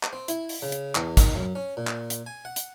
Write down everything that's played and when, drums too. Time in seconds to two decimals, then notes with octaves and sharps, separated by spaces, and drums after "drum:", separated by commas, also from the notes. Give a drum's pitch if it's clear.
0.03 drum: clap
0.13 C4
0.28 E4, drum: hi-hat
0.49 drum: open hi-hat
0.62 C#3
0.72 drum: hi-hat
0.95 E2, drum: clap
1.17 D#3, drum: kick, hi-hat
1.35 F#2
1.55 C#4
1.77 A#2
1.87 drum: clap
2.10 drum: hi-hat
2.26 G#5
2.45 F#5
2.56 drum: hi-hat